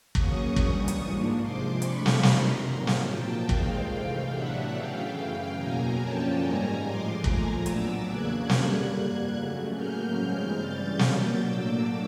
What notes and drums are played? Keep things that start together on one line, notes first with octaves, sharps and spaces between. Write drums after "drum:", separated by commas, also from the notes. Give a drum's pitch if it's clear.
C#3 F#3 A#3 C#4 C#6 D#6, drum: kick
G2 E3 G3, drum: kick
drum: hi-hat
G#2 F3 A#3 D4
C3 F3 G#3 C6 D6
C3 F3 A3 D4 B5 C#6, drum: hi-hat
drum: snare
F2 C3 D#3 A#5 C6, drum: snare
G#2 D#3 F#3 A#3
drum: snare
A#2 F3 A#3 G5 A5
G2 D#3 G#3 C4 F5 G5, drum: kick
C3 E3 A3 F5 G5
A2 F#3 B3 D4 E5 F#5
C#3 E3 A3 F5 G5
F#2 C#3 E3
E2 B2 F#3 A#3 G#5 A#5
F#2 D3 F3 A#3 C#4 G5 A5
G#2 D#3 G3 G#5 A#5
A2 F3 G#3 C6 D6
A#2 F3 A3 G#5 A#5, drum: kick
A2 F#3 B3 D4 D6 E6, drum: hi-hat
E2 C#3 F#3 A#3 F#6 G#6
G2 D3 G3 A#3 F#6 G#6, drum: snare
F2 D3 G3 A#3
C#3 F#3 A3
A2 F#3 A#3 C#4 F6 G6
G2 E3 G#3 C4 F6 G6
C#3 E3 G3 G6 A6
B2 F#3 A#3 G6 A6, drum: snare
A2 F#3 A#3 D4 D6 E6